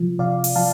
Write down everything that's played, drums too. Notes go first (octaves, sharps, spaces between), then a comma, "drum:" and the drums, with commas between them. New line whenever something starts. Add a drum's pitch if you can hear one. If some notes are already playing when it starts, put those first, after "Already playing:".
Already playing: C3 F3
C3 D5 F5
drum: open hi-hat
F3 F5 A5